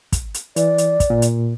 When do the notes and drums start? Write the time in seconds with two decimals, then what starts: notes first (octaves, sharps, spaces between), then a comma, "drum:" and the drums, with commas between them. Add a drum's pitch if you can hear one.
0.13 drum: kick, hi-hat
0.34 drum: hi-hat
0.56 E3 D5, drum: hi-hat
0.78 drum: hi-hat
1.00 drum: kick, hi-hat
1.10 A#2
1.22 drum: hi-hat